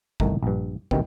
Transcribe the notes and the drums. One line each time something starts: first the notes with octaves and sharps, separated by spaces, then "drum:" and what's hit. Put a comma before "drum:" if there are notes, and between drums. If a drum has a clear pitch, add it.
G1 C2 D#3 A3 A#5, drum: kick
A#1 G2
D2 C3 D#3 B3 C4, drum: kick